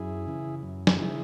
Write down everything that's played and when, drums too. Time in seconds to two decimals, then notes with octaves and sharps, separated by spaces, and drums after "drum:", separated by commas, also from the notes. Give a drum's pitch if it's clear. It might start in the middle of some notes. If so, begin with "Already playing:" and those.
Already playing: F#2 E4 G#4
0.26 C#3 E3
0.63 F#2
0.87 drum: snare
0.99 C#3 E3 E4 G#4